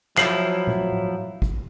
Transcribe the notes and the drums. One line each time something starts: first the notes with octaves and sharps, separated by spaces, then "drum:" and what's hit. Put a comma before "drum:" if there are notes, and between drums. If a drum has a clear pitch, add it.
F3 F#3 E4 C7 F#7, drum: clap
drum: tom A#2
drum: tom
drum: kick